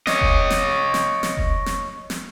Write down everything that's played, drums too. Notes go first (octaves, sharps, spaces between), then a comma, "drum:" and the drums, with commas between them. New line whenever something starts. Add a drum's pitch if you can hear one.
C#5 D#5, drum: snare
drum: kick F1
drum: snare
drum: snare
drum: snare
drum: kick F1
drum: snare
drum: snare